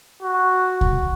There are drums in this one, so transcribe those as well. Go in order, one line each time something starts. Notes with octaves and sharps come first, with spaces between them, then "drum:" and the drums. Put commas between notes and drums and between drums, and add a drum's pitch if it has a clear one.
F#4
drum: kick C2